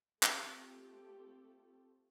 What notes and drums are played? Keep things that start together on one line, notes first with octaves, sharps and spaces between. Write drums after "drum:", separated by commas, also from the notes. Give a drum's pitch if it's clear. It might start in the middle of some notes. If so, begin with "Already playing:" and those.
A3 C4 F4 G4 A4, drum: clap